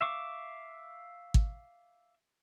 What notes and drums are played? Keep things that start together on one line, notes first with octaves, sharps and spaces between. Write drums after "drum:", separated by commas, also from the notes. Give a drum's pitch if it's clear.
E5 F5 C#6 D6
drum: kick